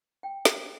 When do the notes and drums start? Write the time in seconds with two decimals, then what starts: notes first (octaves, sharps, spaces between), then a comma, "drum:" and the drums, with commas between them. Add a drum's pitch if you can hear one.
0.23 G5
0.45 drum: snare